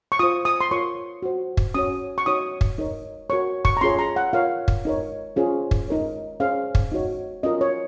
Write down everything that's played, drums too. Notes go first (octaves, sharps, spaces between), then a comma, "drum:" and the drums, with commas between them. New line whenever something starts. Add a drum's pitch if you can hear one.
C#6
F4 C5 D#6
D#6
C6
F4 A#4 C#5 C#6
F#4 C5
drum: kick
C#4 F#4 C#5 D#6
C#6
D#4 F#4 C#5 D#6
drum: kick
D#4 A#4 C#5
F#4 A#4 C#5 C#6
C#6, drum: kick
A#5
C#4 F4 G#4 C#5 C6
A#5
F#5
F4 A#4 C#5 F5
drum: kick
D#4 A#4 C#5
C#4 F4 G#4 C5
drum: kick
D#4 A#4 C#5
C#4 G#4 C5 F5
drum: kick
D#4 F#4 C#5
C#4 F4 A#4 D#5
C#5